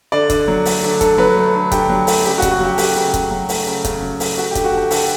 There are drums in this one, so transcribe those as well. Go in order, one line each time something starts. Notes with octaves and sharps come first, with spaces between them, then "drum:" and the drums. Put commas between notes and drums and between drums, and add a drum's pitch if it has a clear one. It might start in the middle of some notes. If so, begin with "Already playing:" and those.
D3 D5
D3, drum: kick, hi-hat
F#3
A3, drum: open hi-hat
D3
D3 A4, drum: kick, hi-hat
F#3 B4
A3
D3
D3 G4, drum: kick, hi-hat
F#3
A3, drum: open hi-hat
C#3 G4
F#4
C#3, drum: kick, hi-hat
F#4
F#3 G4
A3 G4, drum: open hi-hat
C#3
C#3, drum: kick, hi-hat
F#3
A3, drum: open hi-hat
C#3
C#3, drum: kick, hi-hat
F#3
A3, drum: open hi-hat
A3 F#4
G4
D3, drum: kick, hi-hat
F#4
A3 G4
D3 A4, drum: open hi-hat